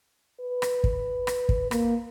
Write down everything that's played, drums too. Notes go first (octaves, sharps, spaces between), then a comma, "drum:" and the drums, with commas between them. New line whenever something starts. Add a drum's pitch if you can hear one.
B4
drum: rim click
drum: kick
drum: rim click
drum: kick
A#3, drum: rim click